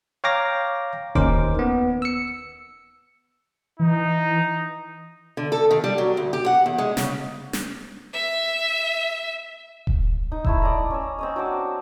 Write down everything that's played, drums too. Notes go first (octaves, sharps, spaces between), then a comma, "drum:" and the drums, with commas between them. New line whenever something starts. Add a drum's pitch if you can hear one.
C#5 F5 G5 A#5 D6 A#6
D#2 C#4 D#4 A#4 C5 D6, drum: kick D#1
B3
E6 C#7
E3 D#4
D3
A4
D#3
G3
F#3
D2
G4
F#5
E2
G#3
C#3, drum: snare
drum: snare
E5
drum: kick D#1
D#4
A3 E4 E6, drum: kick D#1
D5 D#5 A#5
C#4 E6
C4 C#4 D#5
F#3 D4 C5 D6